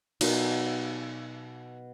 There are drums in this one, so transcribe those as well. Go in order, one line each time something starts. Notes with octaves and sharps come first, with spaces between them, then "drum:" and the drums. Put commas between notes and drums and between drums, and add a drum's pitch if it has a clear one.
B2 F#3 D#4, drum: cymbal